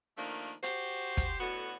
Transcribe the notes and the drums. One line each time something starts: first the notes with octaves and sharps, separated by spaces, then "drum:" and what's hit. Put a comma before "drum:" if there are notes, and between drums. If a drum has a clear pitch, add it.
D#3 F3 A3 A#3 D4
F#4 G4 C5, drum: hi-hat
drum: kick, hi-hat
A2 D3 B3 F#4